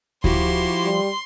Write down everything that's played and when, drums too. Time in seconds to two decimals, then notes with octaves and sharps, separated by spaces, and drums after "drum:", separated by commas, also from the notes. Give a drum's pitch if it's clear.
0.24 F3 E4 F#4 G4 C6, drum: kick D2
0.85 G3